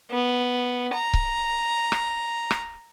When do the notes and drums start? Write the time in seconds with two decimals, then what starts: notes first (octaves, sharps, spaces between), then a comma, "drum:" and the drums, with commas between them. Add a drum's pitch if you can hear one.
0.11 B3
0.94 A#5
1.13 drum: kick C#1
1.92 drum: rim click
2.51 drum: rim click